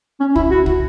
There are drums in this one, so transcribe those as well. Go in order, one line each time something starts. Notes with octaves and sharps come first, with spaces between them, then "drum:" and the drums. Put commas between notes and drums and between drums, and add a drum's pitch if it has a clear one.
C#4
E4, drum: kick
F#4
drum: kick